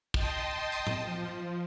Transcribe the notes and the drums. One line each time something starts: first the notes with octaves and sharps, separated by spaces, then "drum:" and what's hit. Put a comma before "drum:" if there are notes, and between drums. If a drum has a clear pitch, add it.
D#5 G5 A5 C6 D#6, drum: kick
drum: tambourine
drum: tom A2
F3